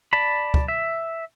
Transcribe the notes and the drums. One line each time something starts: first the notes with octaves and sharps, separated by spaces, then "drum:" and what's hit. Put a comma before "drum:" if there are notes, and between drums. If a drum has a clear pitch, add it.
D5 A5 B5
drum: kick
E5